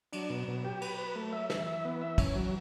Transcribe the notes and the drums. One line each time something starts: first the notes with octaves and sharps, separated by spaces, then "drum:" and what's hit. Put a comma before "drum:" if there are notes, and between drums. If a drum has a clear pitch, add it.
F#3 D4, drum: cymbal
B2
B2
G4
B4, drum: cymbal
B4
A3
E5
E3 E5, drum: snare
E5
B3
E5
C#4, drum: kick, cymbal
F#3